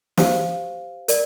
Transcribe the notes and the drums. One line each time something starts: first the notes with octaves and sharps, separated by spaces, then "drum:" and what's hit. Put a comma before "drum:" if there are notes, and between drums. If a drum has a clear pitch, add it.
G4 C5 F5, drum: snare
A#4 D5, drum: hi-hat